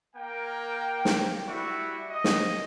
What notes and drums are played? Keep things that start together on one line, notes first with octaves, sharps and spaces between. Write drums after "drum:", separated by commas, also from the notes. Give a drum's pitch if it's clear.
A#3 A#4 G5
drum: snare
G3 E4 F#4 E5 C#6
D#5
drum: snare